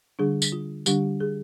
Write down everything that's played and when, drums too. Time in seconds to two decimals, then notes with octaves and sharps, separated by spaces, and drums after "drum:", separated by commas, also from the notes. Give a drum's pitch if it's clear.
0.19 D3 G3 D4 G#4
0.42 drum: tambourine
0.52 F4
0.86 D3 G3 D4 G4, drum: tambourine
1.20 G#4